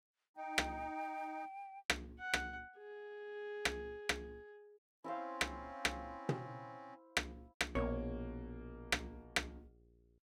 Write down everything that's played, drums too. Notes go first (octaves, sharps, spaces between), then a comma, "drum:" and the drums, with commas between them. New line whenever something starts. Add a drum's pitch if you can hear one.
D#4 G5
drum: rim click
drum: rim click
F#5
drum: rim click
G#4
drum: rim click
drum: rim click
C4 C#4 E4 C5 F5
drum: rim click
drum: rim click
drum: tom
drum: rim click
drum: rim click
A#1 B2 A#3 C#5
drum: rim click
drum: rim click